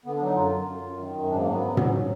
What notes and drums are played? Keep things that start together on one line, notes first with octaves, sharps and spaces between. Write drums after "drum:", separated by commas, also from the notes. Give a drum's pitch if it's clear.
D3 B3
D4
F#3 D#4
F#2 F4
F#2
F#2
F#2
D#3
F#2
G#2 D4
A#3
F#3 B3
F#3
G#2, drum: tom
F#3